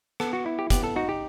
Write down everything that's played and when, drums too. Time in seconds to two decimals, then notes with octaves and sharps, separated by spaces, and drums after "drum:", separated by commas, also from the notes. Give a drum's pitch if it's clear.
0.20 B3 A4, drum: rim click
0.33 F#4
0.46 E4
0.59 G4
0.70 B3 G4, drum: kick, hi-hat
0.84 A4
0.96 D#4 F#4
1.09 G4